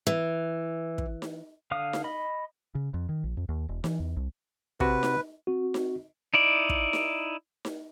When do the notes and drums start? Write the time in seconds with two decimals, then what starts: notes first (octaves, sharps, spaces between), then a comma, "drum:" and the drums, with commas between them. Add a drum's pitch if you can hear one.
0.07 E3
0.98 drum: kick
1.22 drum: snare D#4
1.71 D3 F5 D#6
1.93 drum: snare D#4
2.04 D#5 B5
2.75 C#3
2.94 F2
3.09 D#3
3.24 A#1
3.37 F2
3.49 D#2
3.69 E1
3.84 E3, drum: snare D#4
4.00 E2
4.17 C2
4.80 C3 F#4 B4, drum: kick
5.03 drum: snare D#4
5.47 C4 F#4
5.74 drum: snare D#4
6.34 D#4 E4 D5
6.69 drum: kick
6.93 drum: snare D#4
7.65 drum: snare D#4